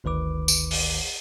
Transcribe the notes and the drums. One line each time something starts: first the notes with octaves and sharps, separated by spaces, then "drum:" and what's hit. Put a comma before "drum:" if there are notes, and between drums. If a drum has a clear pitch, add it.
G1 D2 D#3 B4 D6
drum: tambourine
drum: open hi-hat